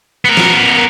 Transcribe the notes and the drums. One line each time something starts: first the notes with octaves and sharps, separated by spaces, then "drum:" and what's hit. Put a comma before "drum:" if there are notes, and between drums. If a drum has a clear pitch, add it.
B3 A#4
drum: snare